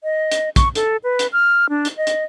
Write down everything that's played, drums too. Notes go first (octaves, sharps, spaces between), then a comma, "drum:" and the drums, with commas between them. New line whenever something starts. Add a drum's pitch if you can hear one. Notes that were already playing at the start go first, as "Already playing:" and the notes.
D#5
drum: hi-hat
C#6, drum: kick, hi-hat
A4, drum: hi-hat
B4
drum: hi-hat
F6
D4
drum: hi-hat
D#5
drum: hi-hat